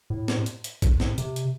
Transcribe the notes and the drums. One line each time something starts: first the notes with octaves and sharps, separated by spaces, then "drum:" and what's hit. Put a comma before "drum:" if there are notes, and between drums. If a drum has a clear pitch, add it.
A2
drum: snare
drum: hi-hat
drum: hi-hat
drum: kick A#1, hi-hat
A2, drum: snare
C3, drum: hi-hat
drum: hi-hat